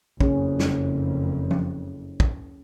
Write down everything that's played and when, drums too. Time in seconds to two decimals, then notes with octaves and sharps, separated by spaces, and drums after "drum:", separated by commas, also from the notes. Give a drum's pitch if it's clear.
0.21 F#1 F2 C#4 G#4, drum: kick
0.59 drum: snare
1.51 drum: tom F3
2.20 drum: kick